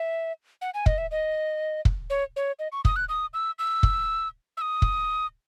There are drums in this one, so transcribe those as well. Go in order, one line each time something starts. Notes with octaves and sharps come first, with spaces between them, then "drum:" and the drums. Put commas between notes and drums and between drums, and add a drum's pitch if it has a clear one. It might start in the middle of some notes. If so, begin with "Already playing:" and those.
Already playing: E5
F#5
G#5
D#5, drum: kick
E5
D#5
drum: kick
C#5
C#5
D#5
C#6
D#6, drum: kick
F#6
D#6
E6
E6
drum: kick
E6
D#6
drum: kick